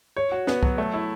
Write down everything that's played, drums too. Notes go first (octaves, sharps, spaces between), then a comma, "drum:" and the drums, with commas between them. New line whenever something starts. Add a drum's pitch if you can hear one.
C#5
F#4
B3, drum: snare
F#3, drum: kick
A3
E4